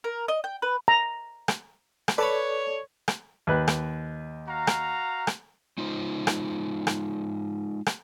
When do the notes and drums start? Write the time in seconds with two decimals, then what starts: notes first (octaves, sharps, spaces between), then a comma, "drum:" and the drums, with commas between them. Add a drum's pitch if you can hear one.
0.04 A#4
0.28 D#5
0.44 G5
0.62 B4
0.88 A#5
1.48 drum: rim click
2.08 drum: rim click
2.18 A4 B4 C#5 D5 A5 B5
3.08 drum: rim click
3.47 D#2 B4 F#6
3.68 drum: rim click
4.48 F#4 F5 A#5
4.67 drum: rim click
5.27 drum: rim click
5.78 G#3 D#4 F4 C5
6.27 drum: rim click
6.87 drum: rim click
7.86 drum: rim click